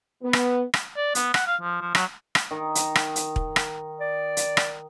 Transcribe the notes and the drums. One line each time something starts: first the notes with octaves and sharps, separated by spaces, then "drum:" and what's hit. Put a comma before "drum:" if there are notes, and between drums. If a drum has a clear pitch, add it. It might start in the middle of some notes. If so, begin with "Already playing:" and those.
B3
drum: rim click
drum: rim click
D5
B3, drum: hi-hat
F#5, drum: rim click
F5
F3
F3
F#3, drum: rim click
drum: rim click
D#3
drum: hi-hat
drum: rim click
drum: hi-hat
drum: kick
drum: rim click
D5
drum: hi-hat
drum: rim click